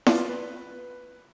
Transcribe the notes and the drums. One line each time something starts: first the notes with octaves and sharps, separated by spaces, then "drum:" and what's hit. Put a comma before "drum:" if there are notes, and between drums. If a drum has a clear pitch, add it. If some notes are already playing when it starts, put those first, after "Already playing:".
B3 F4 D5, drum: snare E4
B4